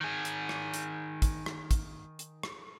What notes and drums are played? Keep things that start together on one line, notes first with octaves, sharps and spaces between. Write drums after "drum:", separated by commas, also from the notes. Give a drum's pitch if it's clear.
D#3 G#4
drum: hi-hat
drum: rim click
drum: hi-hat
drum: kick, hi-hat
drum: rim click
drum: kick, hi-hat
drum: hi-hat
drum: rim click